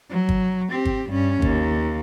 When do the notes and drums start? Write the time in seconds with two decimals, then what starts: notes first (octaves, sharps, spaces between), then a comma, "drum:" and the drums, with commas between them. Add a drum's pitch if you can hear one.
0.11 F#3
0.29 drum: kick
0.70 C4 G4
0.85 drum: kick
1.10 G2 C#4
1.42 D#2, drum: kick